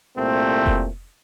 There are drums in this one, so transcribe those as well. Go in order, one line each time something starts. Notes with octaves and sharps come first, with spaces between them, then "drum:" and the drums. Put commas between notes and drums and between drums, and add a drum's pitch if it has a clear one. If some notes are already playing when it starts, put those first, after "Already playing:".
C2 A#2 A3 C4
drum: kick F1